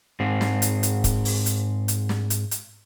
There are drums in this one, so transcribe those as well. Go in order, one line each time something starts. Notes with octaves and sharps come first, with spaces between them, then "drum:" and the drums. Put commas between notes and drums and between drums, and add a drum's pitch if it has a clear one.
G#2 C4
drum: snare
drum: hi-hat
drum: hi-hat
drum: kick, hi-hat
drum: open hi-hat
drum: hi-hat
drum: hi-hat
drum: snare
drum: hi-hat
drum: hi-hat